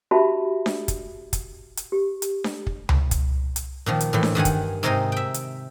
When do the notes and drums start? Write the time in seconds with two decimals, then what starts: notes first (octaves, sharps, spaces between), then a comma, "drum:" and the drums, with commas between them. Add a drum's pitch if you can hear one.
0.11 D4 F#4 G4 E5 A5 B5
0.66 drum: snare D4
0.88 drum: kick, hi-hat
1.33 drum: kick, hi-hat
1.77 drum: hi-hat
1.92 G4
2.22 drum: hi-hat
2.44 drum: snare D4
2.67 drum: kick
2.89 drum: tom C#2
3.11 drum: kick, hi-hat
3.56 drum: hi-hat
3.86 A#2 D#3 F3
4.00 drum: hi-hat
4.13 A2 E3
4.23 drum: snare D4
4.35 G2 D#3 F#5 G#5
4.45 drum: kick, hi-hat
4.83 G#2 C3 D#4 A#4 C5 G#5
5.12 E5 G5
5.34 drum: hi-hat